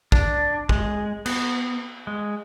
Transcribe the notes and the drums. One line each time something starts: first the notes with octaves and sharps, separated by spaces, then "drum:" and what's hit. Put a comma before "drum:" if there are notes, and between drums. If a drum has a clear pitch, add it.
D4, drum: kick
G#3, drum: kick
B3, drum: cymbal
G#3